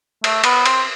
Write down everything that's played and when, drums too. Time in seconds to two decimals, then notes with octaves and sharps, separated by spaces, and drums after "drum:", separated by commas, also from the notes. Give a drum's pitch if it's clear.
0.24 A3, drum: cymbal
0.44 B3, drum: cymbal
0.66 C4, drum: cymbal